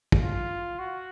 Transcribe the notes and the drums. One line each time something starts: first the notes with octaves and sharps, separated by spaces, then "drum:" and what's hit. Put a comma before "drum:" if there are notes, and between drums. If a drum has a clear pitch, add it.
drum: kick
F4
F#4